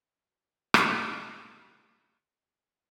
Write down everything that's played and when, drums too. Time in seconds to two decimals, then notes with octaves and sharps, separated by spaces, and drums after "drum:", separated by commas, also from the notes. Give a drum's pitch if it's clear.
0.11 B2 D#3 C4 C#4 D#4 F#4
0.74 drum: rim click